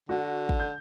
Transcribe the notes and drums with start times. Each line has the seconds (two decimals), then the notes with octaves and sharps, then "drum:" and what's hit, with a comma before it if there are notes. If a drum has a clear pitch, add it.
0.09 D3 F#4
0.49 drum: kick
0.60 G6